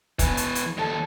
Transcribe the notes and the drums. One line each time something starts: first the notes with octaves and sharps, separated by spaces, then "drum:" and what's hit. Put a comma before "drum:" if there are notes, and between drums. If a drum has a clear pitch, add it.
B2 E3, drum: kick, hi-hat
drum: hi-hat
drum: hi-hat
D#2 A4